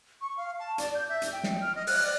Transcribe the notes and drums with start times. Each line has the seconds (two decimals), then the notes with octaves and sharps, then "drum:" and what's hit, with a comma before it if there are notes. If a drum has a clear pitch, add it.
0.21 C#6
0.37 F5
0.59 A5
0.78 D5, drum: hi-hat
0.94 G6
1.09 E5
1.22 drum: hi-hat
1.32 G5
1.43 drum: snare
1.61 F6
1.75 D#5
1.87 F#6, drum: open hi-hat
2.02 D5